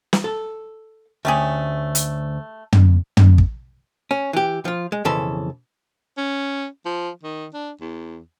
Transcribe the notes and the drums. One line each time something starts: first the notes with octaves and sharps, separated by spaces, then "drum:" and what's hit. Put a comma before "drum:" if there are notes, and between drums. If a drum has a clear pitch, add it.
drum: snare
A4
D2 A3 C#4 G4 G#4
drum: hi-hat
drum: tom
drum: tom
drum: kick
C#4
E3 G4
F3 F4
G#3
B1 F2 C#3 E3 A4 C6
C#4
F3
D#3
D4
E2